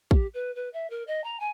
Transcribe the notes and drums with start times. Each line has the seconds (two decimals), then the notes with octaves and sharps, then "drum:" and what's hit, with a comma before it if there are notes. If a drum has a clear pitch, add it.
0.11 G4, drum: kick
0.34 B4
0.55 B4
0.73 E5
0.90 A#4
1.07 D#5
1.24 A#5
1.40 G#5